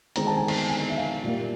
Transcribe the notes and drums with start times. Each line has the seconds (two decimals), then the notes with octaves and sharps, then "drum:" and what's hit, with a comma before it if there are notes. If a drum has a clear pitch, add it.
0.16 D#3 G#3 C4 A#5, drum: hi-hat
0.27 A5
0.37 G#5
0.48 A5, drum: cymbal
0.70 G#5
0.90 E5
0.97 F5
1.24 A#2 G3 A#3